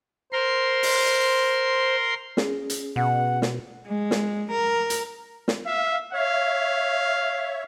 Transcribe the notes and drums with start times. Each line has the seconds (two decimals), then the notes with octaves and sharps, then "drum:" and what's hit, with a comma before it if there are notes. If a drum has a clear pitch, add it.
0.33 A#4 C5 C6
0.83 drum: open hi-hat
2.37 C#4 G#4, drum: snare
2.70 drum: hi-hat
2.96 B2 F#5
3.42 drum: snare
3.87 G#3
4.11 drum: snare
4.51 A#4
4.90 drum: hi-hat
5.48 drum: snare
5.66 E5 F5
6.13 C#5 E5 F5